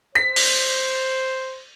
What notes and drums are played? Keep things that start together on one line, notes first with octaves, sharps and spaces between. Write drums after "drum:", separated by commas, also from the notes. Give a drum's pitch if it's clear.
C5 B6
drum: open hi-hat